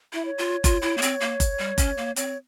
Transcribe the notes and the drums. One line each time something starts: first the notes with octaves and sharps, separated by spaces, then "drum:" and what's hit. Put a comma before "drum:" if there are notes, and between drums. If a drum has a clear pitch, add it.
E4 E5
C#5
F4
F4, drum: kick F#1, hi-hat
E4
A#3
C4, drum: hi-hat
A#3
drum: kick F#1, hi-hat
G3
C#4, drum: kick F#1, hi-hat
A#3
C4 C#5, drum: hi-hat